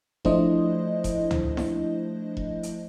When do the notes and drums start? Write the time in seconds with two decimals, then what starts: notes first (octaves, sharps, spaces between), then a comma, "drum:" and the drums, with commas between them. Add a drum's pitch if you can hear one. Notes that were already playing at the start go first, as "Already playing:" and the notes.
0.25 F3 A3 D4 E4 C5 D#5, drum: kick E1
1.04 drum: kick E1, hi-hat
1.31 drum: tom
1.57 drum: snare E4
2.37 drum: kick E1
2.63 drum: hi-hat